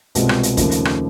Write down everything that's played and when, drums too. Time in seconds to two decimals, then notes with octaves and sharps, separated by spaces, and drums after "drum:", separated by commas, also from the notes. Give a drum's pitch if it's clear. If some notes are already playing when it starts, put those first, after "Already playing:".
0.15 C2 B2 G#3 C4 F4, drum: hi-hat
0.29 drum: rim click
0.43 drum: hi-hat
0.57 D#2 C#3 F3 A3, drum: kick, hi-hat
0.71 drum: hi-hat
0.85 drum: rim click